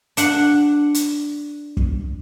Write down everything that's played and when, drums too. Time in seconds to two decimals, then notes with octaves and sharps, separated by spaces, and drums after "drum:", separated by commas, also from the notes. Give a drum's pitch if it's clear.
0.17 D4 F#5, drum: hi-hat
0.94 drum: hi-hat
1.77 drum: kick